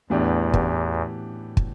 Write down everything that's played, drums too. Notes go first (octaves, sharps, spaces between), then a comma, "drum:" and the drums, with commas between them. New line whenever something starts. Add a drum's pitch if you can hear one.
E2 A2 E3 B3 D4 G4
A2 E3 B3 D4 G4, drum: kick
drum: kick